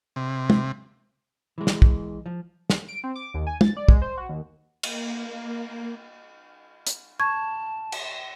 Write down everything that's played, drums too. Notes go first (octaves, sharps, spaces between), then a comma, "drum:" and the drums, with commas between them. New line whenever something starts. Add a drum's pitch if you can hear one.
C3
drum: tom
E3 G#3
drum: snare
drum: kick
F3
drum: snare
D7
C4
D6
D#2
G#5
A6, drum: tom
D5
G#3, drum: kick
C5
F#4
D#2
A#3, drum: cymbal
drum: hi-hat
A5 C#6 G#6
drum: cymbal